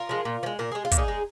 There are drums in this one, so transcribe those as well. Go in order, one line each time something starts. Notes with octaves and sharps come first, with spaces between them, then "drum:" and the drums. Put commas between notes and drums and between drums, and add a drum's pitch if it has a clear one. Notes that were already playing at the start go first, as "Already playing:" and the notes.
Already playing: F4 A#4
F3 G#3
A#2
F3
G#3
A#2 A#4
G#3 G#4
F4
A#2, drum: kick, hi-hat
D#4 G#4
G#3